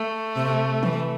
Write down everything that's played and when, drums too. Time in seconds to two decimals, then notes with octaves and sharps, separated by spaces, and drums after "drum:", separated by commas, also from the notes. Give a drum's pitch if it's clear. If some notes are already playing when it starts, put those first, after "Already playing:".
Already playing: A3
0.36 C3
0.83 E3, drum: tom D#3